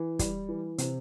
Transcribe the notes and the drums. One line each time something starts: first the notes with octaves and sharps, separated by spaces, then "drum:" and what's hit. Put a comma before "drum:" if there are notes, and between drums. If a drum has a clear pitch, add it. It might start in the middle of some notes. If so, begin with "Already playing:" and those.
Already playing: E3
G3, drum: kick, hi-hat
E3
C3, drum: hi-hat